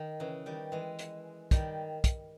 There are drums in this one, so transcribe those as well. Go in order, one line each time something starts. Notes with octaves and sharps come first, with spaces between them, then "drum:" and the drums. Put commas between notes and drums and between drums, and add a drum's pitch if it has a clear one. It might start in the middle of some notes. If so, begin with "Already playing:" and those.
Already playing: D#3
C#3 E3
D#3 G3
E3 G#3
drum: hi-hat
D#3 G3, drum: kick, hi-hat
drum: kick, hi-hat